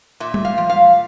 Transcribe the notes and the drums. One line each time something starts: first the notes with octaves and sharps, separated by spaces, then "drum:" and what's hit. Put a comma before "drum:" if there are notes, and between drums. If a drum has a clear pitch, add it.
A#2 E5
drum: tom G3
F5
F3
F5